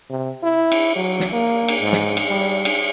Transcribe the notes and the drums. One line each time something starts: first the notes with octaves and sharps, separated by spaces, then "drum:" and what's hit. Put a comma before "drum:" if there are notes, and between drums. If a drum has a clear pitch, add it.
C3
E4
drum: cymbal
F#3
drum: snare
A#3
drum: cymbal
G#2
drum: snare
drum: cymbal
G3
drum: cymbal